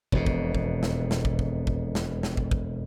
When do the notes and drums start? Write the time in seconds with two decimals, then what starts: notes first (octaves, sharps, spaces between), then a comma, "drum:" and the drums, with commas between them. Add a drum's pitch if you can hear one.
0.12 E1 F2 B2, drum: kick
0.26 drum: kick
0.55 drum: kick
0.83 drum: snare
1.11 drum: snare
1.25 drum: kick
1.39 drum: kick
1.67 drum: kick
1.95 drum: snare
2.23 drum: snare
2.37 drum: kick
2.51 drum: kick